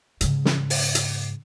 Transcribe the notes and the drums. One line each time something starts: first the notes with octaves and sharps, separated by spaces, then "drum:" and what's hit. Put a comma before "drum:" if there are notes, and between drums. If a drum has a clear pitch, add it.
G#2 C#3, drum: hi-hat
drum: snare
drum: open hi-hat
drum: hi-hat